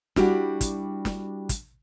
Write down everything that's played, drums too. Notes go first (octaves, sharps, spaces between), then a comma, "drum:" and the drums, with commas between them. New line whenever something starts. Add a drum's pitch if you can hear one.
G3 D4 E4 F#4 G4 D5, drum: snare
drum: kick, hi-hat
drum: snare
drum: kick, hi-hat